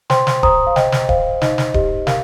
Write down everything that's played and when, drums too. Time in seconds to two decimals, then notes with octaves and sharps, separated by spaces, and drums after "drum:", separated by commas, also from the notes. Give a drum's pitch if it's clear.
0.10 C5 G5 C6, drum: snare
0.27 drum: snare
0.43 C5 A#5 D#6, drum: kick D1
0.67 F5
0.76 C5 D#5 G5, drum: snare
0.92 drum: snare
1.09 C5 F5, drum: kick D1
1.41 D#4 D#5, drum: snare
1.58 drum: snare
1.74 G4 D#5, drum: kick D1
2.07 A#4 F5, drum: snare